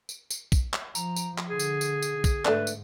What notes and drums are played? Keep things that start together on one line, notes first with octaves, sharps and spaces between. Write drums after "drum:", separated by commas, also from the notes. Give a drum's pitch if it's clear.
drum: tambourine
drum: tambourine
drum: kick, tambourine
drum: clap
F3 A#5, drum: tambourine
drum: tambourine
drum: clap
D3 G#4
drum: tambourine
drum: tambourine
drum: tambourine
drum: kick, tambourine
G#2 A3 D4 B4, drum: clap
drum: tambourine